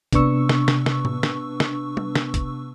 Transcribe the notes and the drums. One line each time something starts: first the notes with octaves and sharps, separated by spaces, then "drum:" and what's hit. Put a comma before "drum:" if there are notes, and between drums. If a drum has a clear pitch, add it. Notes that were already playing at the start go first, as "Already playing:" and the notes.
C3 B3 D4 B4 C#6 E6, drum: kick F1, hi-hat
drum: snare
drum: snare
drum: snare
drum: tom A2
drum: snare
drum: snare
drum: tom
drum: snare
drum: kick F1, hi-hat